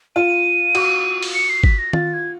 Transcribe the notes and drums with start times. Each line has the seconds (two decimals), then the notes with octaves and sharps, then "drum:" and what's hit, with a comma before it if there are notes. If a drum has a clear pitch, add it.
0.16 F4 D#7
0.75 F#4, drum: cymbal
1.23 drum: open hi-hat
1.34 C#7
1.50 C7
1.64 B6, drum: kick G1
1.79 A#6
1.93 F4 A6, drum: tom D#3
2.14 G#6